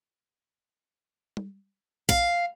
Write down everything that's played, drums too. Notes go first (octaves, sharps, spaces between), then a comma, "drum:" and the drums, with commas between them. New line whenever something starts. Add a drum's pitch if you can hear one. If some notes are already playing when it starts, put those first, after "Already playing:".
drum: tom G3
F5, drum: kick A#1